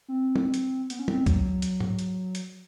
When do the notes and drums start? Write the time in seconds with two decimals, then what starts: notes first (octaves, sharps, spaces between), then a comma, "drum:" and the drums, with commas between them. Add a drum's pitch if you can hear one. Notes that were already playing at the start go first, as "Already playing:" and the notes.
0.08 C4
0.36 drum: tom
0.54 drum: hi-hat
0.90 B3, drum: hi-hat
0.99 C#4
1.08 C4, drum: tom
1.26 F#3, drum: kick C2, hi-hat
1.62 drum: hi-hat
1.80 drum: tom G#2
1.99 drum: hi-hat
2.35 drum: hi-hat